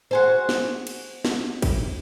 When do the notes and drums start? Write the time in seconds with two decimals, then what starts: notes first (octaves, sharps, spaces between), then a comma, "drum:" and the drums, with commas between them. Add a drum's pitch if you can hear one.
0.11 F#4 G#4 C5
0.49 drum: snare
0.87 drum: cymbal
1.25 drum: snare
1.62 drum: kick, cymbal